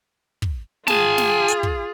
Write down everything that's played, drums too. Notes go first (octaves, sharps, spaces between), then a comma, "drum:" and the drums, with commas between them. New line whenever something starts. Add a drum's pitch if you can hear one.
drum: kick
F4 G#4 G#5 A5, drum: snare
drum: snare
drum: hi-hat
drum: kick